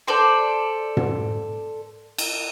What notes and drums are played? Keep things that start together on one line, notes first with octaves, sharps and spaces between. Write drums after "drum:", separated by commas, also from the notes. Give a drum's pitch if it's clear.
A4 C5 D5 C6
drum: tom
drum: cymbal